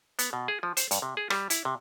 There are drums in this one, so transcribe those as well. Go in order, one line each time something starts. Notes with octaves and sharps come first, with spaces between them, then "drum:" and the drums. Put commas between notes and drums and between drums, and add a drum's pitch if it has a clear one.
B3, drum: hi-hat
B2
G#4
F3
C5, drum: hi-hat
G2, drum: hi-hat
C3
G#4
G3, drum: rim click
E4, drum: hi-hat
C3